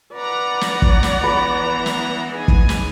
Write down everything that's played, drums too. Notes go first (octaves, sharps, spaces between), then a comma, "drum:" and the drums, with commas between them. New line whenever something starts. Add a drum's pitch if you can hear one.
B4 D5 F#5 A#5
drum: snare
drum: kick
drum: snare
E3 B3 B4
drum: snare
D#4 G#4 G#5
drum: kick
drum: snare